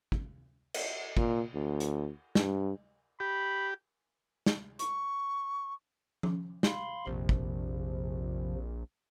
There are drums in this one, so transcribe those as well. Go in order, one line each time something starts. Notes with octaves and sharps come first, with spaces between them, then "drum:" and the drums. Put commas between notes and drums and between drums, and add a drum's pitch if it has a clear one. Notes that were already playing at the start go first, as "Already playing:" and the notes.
drum: kick
drum: cymbal
A#2, drum: kick
D2
drum: hi-hat
G2, drum: snare
G4 B5
drum: snare
C#6, drum: hi-hat
drum: tom F3
F5 B5 C6, drum: snare
A#1 F2 C3 F3
drum: kick